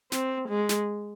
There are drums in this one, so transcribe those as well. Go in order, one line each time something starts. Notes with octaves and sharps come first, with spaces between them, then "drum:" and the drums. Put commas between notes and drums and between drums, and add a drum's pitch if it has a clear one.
C4, drum: snare
G#3
drum: snare